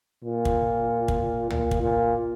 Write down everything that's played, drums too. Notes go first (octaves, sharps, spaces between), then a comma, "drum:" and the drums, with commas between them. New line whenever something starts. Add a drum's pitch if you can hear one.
A#2
drum: kick
drum: kick
A#2, drum: tom C#2
drum: kick
A#2